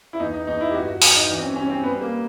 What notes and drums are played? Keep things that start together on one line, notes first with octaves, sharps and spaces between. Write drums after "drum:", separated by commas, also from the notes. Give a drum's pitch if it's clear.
E4
E2 D#4
D#4
E2 D#4
E4
G4
G2 F#4
F#4
F#3, drum: open hi-hat
D#4
E3 D4
C4
C#4
G3 C#4
C4
G3 B3
A#3